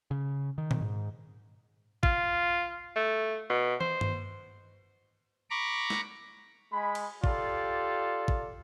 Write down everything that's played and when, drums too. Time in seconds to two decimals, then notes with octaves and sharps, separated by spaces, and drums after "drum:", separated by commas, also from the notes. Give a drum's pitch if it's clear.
0.11 C#3
0.58 D#3
0.71 drum: tom A#2
0.81 G#2
2.03 F4, drum: kick G#1
2.96 A3
3.50 B2
3.81 C5, drum: tom
4.01 drum: tom G2
5.50 A#5 B5 C#6 D6
5.90 drum: snare
6.73 G#3 B5
6.95 drum: cymbal
7.24 F4 G4 A4 D5, drum: kick G#1
8.28 drum: kick G#1